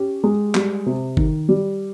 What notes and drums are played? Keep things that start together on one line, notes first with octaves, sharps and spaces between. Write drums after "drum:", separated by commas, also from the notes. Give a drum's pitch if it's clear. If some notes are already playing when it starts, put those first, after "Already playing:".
Already playing: C#4 G4
G#3
G3, drum: clap
C3
D#3, drum: kick G1
G3